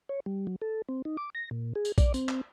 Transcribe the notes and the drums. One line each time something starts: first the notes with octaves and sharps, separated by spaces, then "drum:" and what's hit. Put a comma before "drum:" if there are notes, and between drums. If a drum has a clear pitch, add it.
C#5
G3
F#3
A4
C4
D#4
D6
A#6
A#2
G#4
drum: tambourine
D5, drum: kick A#1, tambourine
C4, drum: tambourine
drum: clap